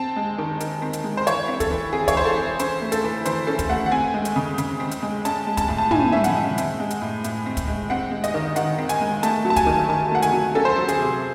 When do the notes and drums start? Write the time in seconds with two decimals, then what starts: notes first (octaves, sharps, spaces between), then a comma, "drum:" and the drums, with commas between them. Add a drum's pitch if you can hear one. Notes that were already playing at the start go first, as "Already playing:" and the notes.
Already playing: C4 A5
0.16 G#3
0.38 D#3
0.60 D#3, drum: hi-hat
0.82 C4
0.93 drum: hi-hat
1.04 G#3
1.17 C5
1.27 E3 C#5, drum: hi-hat
1.48 C4
1.60 A4, drum: kick, hi-hat
1.70 E3
1.93 C4 G#4
2.08 C#5, drum: kick, hi-hat
2.15 E3 C5
2.25 A4
2.36 C4
2.59 C#4 C5, drum: hi-hat
2.82 A3
2.92 A4, drum: hi-hat
3.04 E3
3.25 E3 C5, drum: hi-hat
3.47 C#4 A4
3.59 drum: kick, hi-hat
3.69 A3 F#5
3.86 F#5
3.91 C4 G#5
4.14 G#3
4.25 drum: hi-hat
4.36 C#3
4.58 C#3, drum: hi-hat
4.80 C4
4.91 drum: hi-hat
5.03 G#3
5.25 C#4 A5, drum: hi-hat
5.47 G#3
5.57 A5, drum: kick, hi-hat
5.68 A2
5.78 A5
5.91 A2 G#5, drum: tom
6.12 C#4 E5
6.24 F#5, drum: hi-hat
6.35 G#3
6.58 C4, drum: hi-hat
6.80 G#3
6.90 drum: hi-hat
7.02 A2
7.24 A2, drum: hi-hat
7.46 C4
7.57 drum: kick, hi-hat
7.68 G#3
7.90 C4 F#5
8.12 G#3
8.24 D#5, drum: hi-hat
8.34 D#3
8.56 D#3 F#5, drum: hi-hat
8.78 C4
8.89 G#5, drum: hi-hat
9.01 G#3
9.23 A3 A5, drum: hi-hat
9.45 F#3
9.50 A5
9.56 G#5, drum: kick, hi-hat
9.67 D#3
9.89 D#3 A5
10.12 A3 F#5
10.22 G#5, drum: hi-hat
10.33 F#3
10.55 C#4 A4
10.65 C5
10.76 F#3 A4
10.88 G#4, drum: hi-hat
11.00 C3